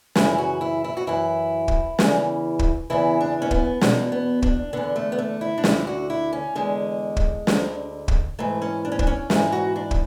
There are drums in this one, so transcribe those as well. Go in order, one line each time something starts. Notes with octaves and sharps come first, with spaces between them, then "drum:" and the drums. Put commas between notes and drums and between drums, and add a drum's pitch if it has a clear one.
F#2 C#3 E3 E4, drum: snare
F#4
E4
E4
F#4
F#2 E3 E4
drum: kick
E2 C#3 E3, drum: snare
drum: kick
E2 C#3 E3 E4
D4
C#4
B3, drum: kick
E2 B2 B3, drum: snare
B3
D4, drum: kick
E2 D3 B3
A3
B3
A3
E4
D4
D2 D3 E4, drum: snare
F#4
E4
C#4
E2 D3 G#3
drum: kick
D2 D3, drum: snare
drum: kick
G#2 E3 A3
C#4
D4
C#4
D4, drum: kick
C#4
G#2 E3 E4, drum: snare
F#4
D4
drum: kick